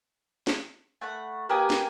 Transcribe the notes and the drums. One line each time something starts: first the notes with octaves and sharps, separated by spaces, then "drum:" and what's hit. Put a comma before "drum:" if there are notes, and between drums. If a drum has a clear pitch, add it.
drum: snare
A3 F#5 B5
A#3 G4 B4 G5 G#5 D#6
drum: snare